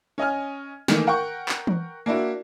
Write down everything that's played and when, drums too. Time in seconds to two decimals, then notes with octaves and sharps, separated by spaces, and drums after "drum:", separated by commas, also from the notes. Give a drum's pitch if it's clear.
0.18 C#4 D#5 G#5 F6
0.88 D#3 E3 A3 A#3 D#4, drum: snare
1.07 A#4 F#5 G5 C#6
1.49 drum: clap
1.67 drum: tom E3
2.06 A#3 D4 E4 F#4